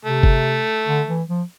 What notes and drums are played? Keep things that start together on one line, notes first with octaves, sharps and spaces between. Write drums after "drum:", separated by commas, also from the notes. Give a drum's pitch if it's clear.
C3 A3
drum: kick G1
D3
E3
F3